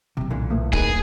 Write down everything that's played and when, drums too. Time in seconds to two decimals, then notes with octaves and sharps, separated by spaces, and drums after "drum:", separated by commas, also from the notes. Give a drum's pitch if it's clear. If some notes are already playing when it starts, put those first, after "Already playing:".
0.17 B1 A2 C3
0.31 A#2 D3 E3
0.50 A3 A#3
0.73 D1 D#4 G#4 A#4 B4, drum: kick C#1